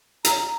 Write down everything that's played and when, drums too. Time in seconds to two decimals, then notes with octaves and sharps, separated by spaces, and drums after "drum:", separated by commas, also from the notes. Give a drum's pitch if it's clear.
0.25 A#5, drum: hi-hat